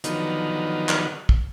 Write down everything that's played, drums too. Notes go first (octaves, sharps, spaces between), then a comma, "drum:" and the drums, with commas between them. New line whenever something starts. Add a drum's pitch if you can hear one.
D3 D#3 F3 F#3 B3 D#4, drum: hi-hat
drum: clap
drum: kick